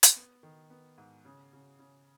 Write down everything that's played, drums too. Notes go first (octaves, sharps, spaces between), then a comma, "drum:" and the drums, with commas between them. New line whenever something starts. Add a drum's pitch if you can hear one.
drum: hi-hat
B3
D#3
B3
G#2
C#3
C#3
C#3